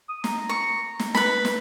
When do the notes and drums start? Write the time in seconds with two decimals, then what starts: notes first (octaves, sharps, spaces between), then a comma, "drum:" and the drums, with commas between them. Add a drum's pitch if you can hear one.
0.09 D#6
0.24 A#5, drum: snare
0.49 C#6
0.99 drum: snare
1.15 B4 B5, drum: snare
1.45 drum: snare